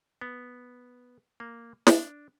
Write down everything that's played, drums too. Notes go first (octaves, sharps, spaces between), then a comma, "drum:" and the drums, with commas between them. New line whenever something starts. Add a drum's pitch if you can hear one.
B3
A#3
D4, drum: snare